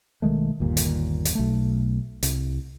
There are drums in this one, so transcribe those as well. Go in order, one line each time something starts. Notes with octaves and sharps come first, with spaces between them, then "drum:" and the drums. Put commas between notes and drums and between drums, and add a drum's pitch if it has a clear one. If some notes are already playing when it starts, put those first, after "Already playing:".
B1 D#3 G#3 A3
G1 D#2 A#2
drum: hi-hat
drum: hi-hat
B1 A3
C2, drum: hi-hat